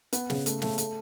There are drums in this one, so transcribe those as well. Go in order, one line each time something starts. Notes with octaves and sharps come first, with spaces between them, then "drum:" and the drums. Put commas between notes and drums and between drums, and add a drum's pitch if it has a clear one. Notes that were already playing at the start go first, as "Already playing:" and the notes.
B3, drum: hi-hat
C#3, drum: snare
A3, drum: hi-hat
A3, drum: snare
A3, drum: hi-hat